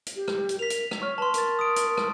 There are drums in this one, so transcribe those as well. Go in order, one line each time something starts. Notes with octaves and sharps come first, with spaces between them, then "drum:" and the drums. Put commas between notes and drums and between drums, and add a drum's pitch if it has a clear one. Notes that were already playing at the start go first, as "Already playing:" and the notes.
drum: hi-hat
G4
drum: rim click
drum: hi-hat
A#4 B6 F7
drum: hi-hat
drum: rim click
C#5 C#6 F6
B4 A5 C6
A#4 C6 A6, drum: hi-hat
D#6 D7
drum: hi-hat
drum: rim click